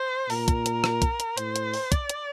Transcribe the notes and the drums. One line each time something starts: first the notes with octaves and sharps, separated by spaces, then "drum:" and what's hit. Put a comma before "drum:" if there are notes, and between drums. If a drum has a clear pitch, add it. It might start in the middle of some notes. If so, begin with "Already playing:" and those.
Already playing: C5
A#2 A#4, drum: open hi-hat
drum: kick, hi-hat
drum: hi-hat
drum: rim click
drum: kick, hi-hat
drum: hi-hat
A2 C5, drum: hi-hat
drum: hi-hat
drum: open hi-hat
D5, drum: kick, hi-hat
drum: hi-hat